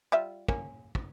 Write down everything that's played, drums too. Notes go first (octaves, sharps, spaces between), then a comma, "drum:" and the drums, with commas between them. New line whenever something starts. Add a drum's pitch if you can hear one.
G3 F4 E5
A#3 C#4, drum: kick
drum: kick